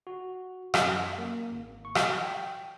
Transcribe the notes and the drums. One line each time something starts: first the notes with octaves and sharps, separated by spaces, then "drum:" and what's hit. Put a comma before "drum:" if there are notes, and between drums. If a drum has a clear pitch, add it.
F#4
F#2, drum: rim click
A#3
G#1
C#6
drum: rim click
G5